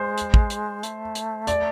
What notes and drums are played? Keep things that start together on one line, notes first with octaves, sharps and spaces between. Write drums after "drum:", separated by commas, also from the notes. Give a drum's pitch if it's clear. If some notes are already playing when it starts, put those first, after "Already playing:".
Already playing: G#3 C5
drum: hi-hat
drum: kick
drum: hi-hat
A3, drum: hi-hat
drum: hi-hat
D5, drum: hi-hat